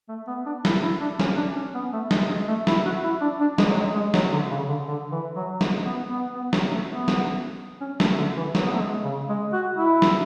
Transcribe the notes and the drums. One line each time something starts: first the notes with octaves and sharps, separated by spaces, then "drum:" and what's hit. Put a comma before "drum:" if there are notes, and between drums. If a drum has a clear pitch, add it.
A3
B3
D4
E4, drum: snare
E4
D4
C#4, drum: snare
D4
C#4
B3
A3
G#3, drum: snare
G#3
A3
E4, drum: snare
F#4
E4
D4
D4
G#3, drum: snare
F#3
G#3
G#3
F#3, drum: snare
D3
C#3
D3
D3
E3
F#3
G#3, drum: snare
B3
B3
B3
F#3, drum: snare
A3
B3
drum: snare
C#4
A3, drum: snare
D3
E3
F#3, drum: snare
B3
A3
G#3
C#3
G#3
F#4
E4
drum: snare